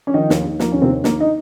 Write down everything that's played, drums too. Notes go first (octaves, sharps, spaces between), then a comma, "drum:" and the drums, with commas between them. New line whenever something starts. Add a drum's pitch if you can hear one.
C#4
D#3 F3 D#4
D#2, drum: snare
D#2
F3 A#3, drum: snare
D#2 C#4
C3 C4
D#2
D#2 A#3, drum: snare
D#4